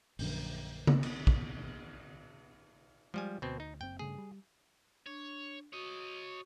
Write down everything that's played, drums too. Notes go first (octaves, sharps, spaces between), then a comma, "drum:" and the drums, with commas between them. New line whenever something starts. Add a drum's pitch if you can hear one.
A#1 F#2 D3, drum: open hi-hat
drum: tom C#3
drum: cymbal
drum: kick
F3 G3 G#3 G#5
D2 B2 C4
D#4
F#1 C4 G5
G2 C#3 A3 G#4
G3
D4 C#5
F#4 C#5 D#5 C#6